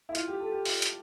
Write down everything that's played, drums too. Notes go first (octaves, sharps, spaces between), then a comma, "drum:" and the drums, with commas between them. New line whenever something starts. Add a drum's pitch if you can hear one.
E4
F4, drum: hi-hat
G4
A4
G4
F4, drum: open hi-hat
drum: hi-hat